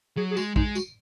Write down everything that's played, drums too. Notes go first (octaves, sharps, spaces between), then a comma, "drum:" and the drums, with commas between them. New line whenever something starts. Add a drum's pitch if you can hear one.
F#3 G#4
G#4
G#3 F#4, drum: tambourine
G#3 D#4, drum: kick A#1
F#4, drum: tambourine